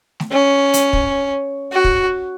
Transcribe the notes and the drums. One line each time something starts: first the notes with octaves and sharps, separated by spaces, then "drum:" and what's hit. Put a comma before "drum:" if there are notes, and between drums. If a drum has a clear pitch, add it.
drum: snare A3
C#4
drum: hi-hat
drum: kick
F#4
drum: kick